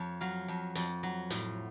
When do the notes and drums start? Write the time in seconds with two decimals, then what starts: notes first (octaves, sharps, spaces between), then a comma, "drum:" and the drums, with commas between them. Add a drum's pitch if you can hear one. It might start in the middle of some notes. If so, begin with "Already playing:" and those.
Already playing: F2 C#5
0.21 F#3 F5
0.48 F2
0.75 F2, drum: hi-hat
1.03 F#3
1.30 A2, drum: hi-hat